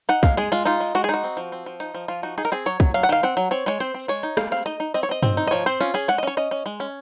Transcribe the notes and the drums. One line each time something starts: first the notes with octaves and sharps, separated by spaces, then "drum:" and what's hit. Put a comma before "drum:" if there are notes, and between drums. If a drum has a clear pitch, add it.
D#4 F#5
G#3 F5, drum: kick
G#3 G#4
G#3 F4
D#4 F4
G#3
G#3 F#4
G#4
D#4 F#4
C4
F3
C4
F3
D#4, drum: hi-hat
F3
F3 F4
D#4 F#4
D#4 G#4
A#4
C4 G#4, drum: hi-hat
F#3 C#5
F#3, drum: kick
F#3 F5
F#5
D#3 F5
C4 F#5
F#3
C4 C#5
G#3 C#5
C4 C5
C4
G#3 C#5
D#4
G#3 F5, drum: rim click
C4 F5
D#4 D#5
D#4
C4 D#5
C#5
C4 D#5
C4, drum: tom G2
D#4
D#5
F3 C#5
C4 C5
C#4 F4
C#4 G#4
G#3 F#5, drum: hi-hat
D#5
C#4 C#5
C#4 D#5
C#4
G#3
C#4